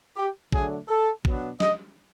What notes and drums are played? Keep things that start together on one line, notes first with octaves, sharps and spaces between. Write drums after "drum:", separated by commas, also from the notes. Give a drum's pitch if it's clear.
G4
D3 F#3 A3 D4 G#4, drum: kick A1
A4
B2 F#3 B3 D4, drum: kick A1
D#5, drum: snare